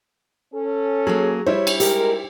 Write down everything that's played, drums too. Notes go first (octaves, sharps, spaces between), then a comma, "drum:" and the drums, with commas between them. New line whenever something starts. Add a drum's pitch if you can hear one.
C#4 A4
F#3 A#3 G#4
G3 E4 C5 C#5
drum: cymbal
G#3 G4 A#4, drum: hi-hat